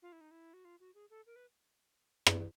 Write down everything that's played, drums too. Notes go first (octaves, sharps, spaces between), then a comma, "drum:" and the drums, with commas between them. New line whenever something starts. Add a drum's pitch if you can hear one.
F4
E4
D#4
E4
F#4
F4
F#4
G#4
A4
A#4
B4
drum: rim click